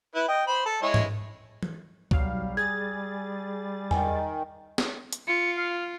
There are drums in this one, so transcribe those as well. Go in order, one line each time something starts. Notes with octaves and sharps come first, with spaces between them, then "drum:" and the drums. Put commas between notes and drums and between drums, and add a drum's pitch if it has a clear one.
E4 B4
D#5 G5
C5 B5
A4
G#3 E4 C#5
drum: tom
drum: tom E3
B1 F#3 G3 F5, drum: kick C#2
G#4 G#6 A6
D#3 G#5, drum: tom E2
drum: snare
drum: hi-hat
F4 C#7
F5